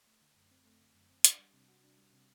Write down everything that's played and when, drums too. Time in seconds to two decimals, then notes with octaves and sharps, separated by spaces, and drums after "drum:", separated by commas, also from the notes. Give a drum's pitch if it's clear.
0.07 A3
0.21 D3
0.36 F#2
0.51 C4
0.65 A3
0.81 D3
0.94 F#2
1.10 C4
1.24 D4, drum: hi-hat
1.39 G3
1.53 C3
1.68 F#4
1.84 D4
1.98 G3
2.13 C3